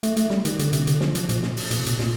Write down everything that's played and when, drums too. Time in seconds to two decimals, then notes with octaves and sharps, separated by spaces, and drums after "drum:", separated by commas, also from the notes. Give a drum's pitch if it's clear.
0.03 A3, drum: hi-hat
0.16 A3, drum: hi-hat
0.30 G3, drum: snare
0.45 D#3, drum: hi-hat
0.59 D3, drum: hi-hat
0.73 C3, drum: hi-hat
0.87 D3, drum: hi-hat
1.01 F3, drum: snare
1.15 F3, drum: hi-hat
1.29 A#2, drum: hi-hat
1.43 drum: snare
1.57 drum: open hi-hat
1.71 A#2, drum: hi-hat
1.79 C3
1.86 A#2, drum: hi-hat
1.99 A#2, drum: snare